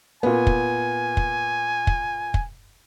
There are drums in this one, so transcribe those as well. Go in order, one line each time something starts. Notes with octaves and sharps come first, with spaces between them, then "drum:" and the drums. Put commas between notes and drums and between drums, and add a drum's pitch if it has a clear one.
A#2 B3 G#5
drum: kick
drum: kick
drum: kick
drum: kick